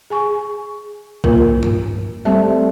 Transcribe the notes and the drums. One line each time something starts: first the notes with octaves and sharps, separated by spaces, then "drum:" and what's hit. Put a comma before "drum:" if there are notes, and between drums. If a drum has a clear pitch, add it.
G#4 G#5 C#6
A#3 F4 A#4, drum: kick
drum: tom G2
G3 A3 C4 E5 A5